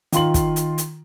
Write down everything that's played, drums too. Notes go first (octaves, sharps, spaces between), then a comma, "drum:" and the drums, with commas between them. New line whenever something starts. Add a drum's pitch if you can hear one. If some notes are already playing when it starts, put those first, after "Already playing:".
D#3 F4 C6 F#7, drum: hi-hat
drum: kick, hi-hat
drum: hi-hat
drum: hi-hat